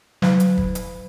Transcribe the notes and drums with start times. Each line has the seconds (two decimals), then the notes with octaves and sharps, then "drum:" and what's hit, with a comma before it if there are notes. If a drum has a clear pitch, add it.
0.22 F#3, drum: snare
0.40 drum: hi-hat
0.57 drum: kick
0.75 drum: hi-hat